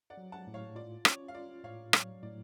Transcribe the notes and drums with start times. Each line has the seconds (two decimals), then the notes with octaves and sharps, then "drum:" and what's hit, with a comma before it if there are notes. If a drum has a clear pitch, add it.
0.10 D5 F#5
0.17 F#3
0.32 F#5 A5
0.47 A2
0.54 C#5 F5
0.76 F4 D5
1.05 C#4 C#5, drum: rim click
1.28 F5
1.35 F4 D5
1.63 A2 C#5 F5
1.93 F#3 C#5 F5, drum: rim click
2.23 A2 D5